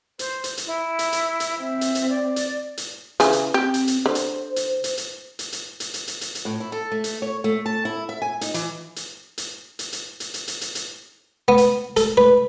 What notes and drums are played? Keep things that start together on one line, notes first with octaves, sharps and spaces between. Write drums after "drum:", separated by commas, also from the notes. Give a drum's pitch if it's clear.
C5, drum: hi-hat
drum: hi-hat
drum: hi-hat
E4
drum: hi-hat
drum: hi-hat
drum: hi-hat
C4 E5
drum: hi-hat
drum: hi-hat
D5
drum: hi-hat
drum: hi-hat
C#3 E3 G#5, drum: hi-hat
drum: hi-hat
C4 G4
drum: hi-hat
drum: hi-hat
D3 C5
drum: hi-hat
drum: hi-hat
drum: hi-hat
drum: hi-hat
drum: hi-hat
drum: hi-hat
drum: hi-hat
drum: hi-hat
drum: hi-hat
drum: hi-hat
drum: hi-hat
A2
E4
A4
A3
drum: hi-hat
C#5
A3
A5
E4
E5
G#5
D#4, drum: hi-hat
E3, drum: hi-hat
drum: hi-hat
drum: hi-hat
drum: hi-hat
drum: hi-hat
drum: hi-hat
drum: hi-hat
drum: hi-hat
drum: hi-hat
drum: hi-hat
B3
drum: hi-hat
A4, drum: hi-hat
B4